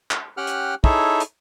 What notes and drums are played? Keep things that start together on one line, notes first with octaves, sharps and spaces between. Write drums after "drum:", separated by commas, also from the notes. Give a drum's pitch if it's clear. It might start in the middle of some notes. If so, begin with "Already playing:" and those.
drum: clap
C#4 G4 F#5 G5 F6 F#6
drum: hi-hat
D#4 E4 G#4 A4 C#5 E5, drum: kick
drum: hi-hat